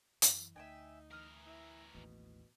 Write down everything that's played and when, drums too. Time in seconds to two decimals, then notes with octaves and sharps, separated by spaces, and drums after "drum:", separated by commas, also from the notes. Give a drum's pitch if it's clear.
0.22 F#2 E3, drum: hi-hat
0.56 D2 D#4 E5 G5 G#5
1.11 E3 A#4 D#6 F6
1.47 E4
1.94 A1 D#2 B2